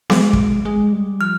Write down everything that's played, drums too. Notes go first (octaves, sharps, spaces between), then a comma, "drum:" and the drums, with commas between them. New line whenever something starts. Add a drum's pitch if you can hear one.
G#3 D6, drum: snare B3
drum: kick
G#3
G3
F3 F6